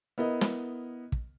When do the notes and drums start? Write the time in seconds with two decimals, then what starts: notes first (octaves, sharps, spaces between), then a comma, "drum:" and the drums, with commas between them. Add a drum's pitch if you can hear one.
0.18 B3 E4 A#4 D#5
0.41 drum: snare
1.12 drum: kick